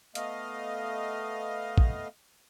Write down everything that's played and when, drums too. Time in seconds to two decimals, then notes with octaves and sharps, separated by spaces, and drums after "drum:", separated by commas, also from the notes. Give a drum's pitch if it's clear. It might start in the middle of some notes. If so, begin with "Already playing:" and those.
0.15 A3 B3 D#5 F5, drum: hi-hat
1.78 drum: kick